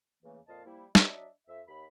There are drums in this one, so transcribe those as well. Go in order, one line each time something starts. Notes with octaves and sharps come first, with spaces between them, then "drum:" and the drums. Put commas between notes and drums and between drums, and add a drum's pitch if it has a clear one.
E2 C#3 E3 A3 A#3
F2 A#2 D#5 F5 A5
F3 G3 A#3 E4
F#3 D4 D#5 E5, drum: snare
F2 E5
D#2 B5